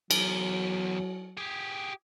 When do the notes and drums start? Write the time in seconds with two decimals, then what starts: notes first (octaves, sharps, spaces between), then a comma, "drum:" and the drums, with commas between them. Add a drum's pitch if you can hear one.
0.11 E2 F#3 A#4, drum: cymbal
1.37 G4 G#4